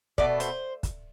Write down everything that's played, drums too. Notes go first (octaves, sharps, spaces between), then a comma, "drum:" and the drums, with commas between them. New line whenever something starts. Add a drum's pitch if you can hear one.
B2 A3 D5, drum: kick
C5, drum: hi-hat
drum: kick, hi-hat